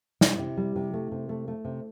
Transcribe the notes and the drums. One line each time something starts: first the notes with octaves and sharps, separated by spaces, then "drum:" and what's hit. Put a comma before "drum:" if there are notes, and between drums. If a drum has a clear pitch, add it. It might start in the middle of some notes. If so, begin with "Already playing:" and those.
C3 E4, drum: snare
C3
G3
C3
A3
C3
A3
A3
C3